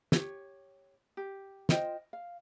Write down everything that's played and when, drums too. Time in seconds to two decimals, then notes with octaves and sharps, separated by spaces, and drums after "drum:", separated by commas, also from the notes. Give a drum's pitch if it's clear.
0.12 G4 C#5, drum: snare
1.17 G4
1.69 F4 C5 D#5 G5, drum: snare
2.13 F5